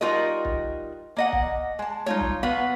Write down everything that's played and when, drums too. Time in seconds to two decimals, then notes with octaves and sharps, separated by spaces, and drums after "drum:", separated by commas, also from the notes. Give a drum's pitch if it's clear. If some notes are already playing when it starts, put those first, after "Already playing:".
0.01 G3 D#4 F4 F#4 A#4 D#5
0.45 drum: kick
1.16 A#3 D#5 F#5
1.32 drum: kick
1.79 G#3 A5
2.06 D#4 F4 C#5, drum: tom G3
2.20 drum: kick
2.43 B3 F#4 B4 F5